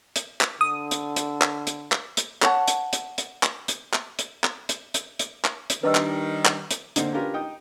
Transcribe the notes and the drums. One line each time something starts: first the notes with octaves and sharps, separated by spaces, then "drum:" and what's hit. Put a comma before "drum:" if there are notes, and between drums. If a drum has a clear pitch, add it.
drum: hi-hat
drum: clap
D3 D#6
drum: hi-hat
drum: hi-hat
drum: clap
drum: hi-hat
drum: clap
drum: hi-hat
C#5 F#5 A5, drum: clap
drum: hi-hat
drum: hi-hat
drum: hi-hat
drum: clap
drum: hi-hat
drum: clap
drum: hi-hat
drum: clap
drum: hi-hat
drum: hi-hat
drum: hi-hat
drum: clap
drum: hi-hat
D#3 G3 D4 B4 D5 D#5 E6
drum: clap
drum: clap
drum: hi-hat
D3 A#3 C4 D4 D#4, drum: hi-hat
C#4 D4 F4 G4 A#4 B4
D#4 G5 D#6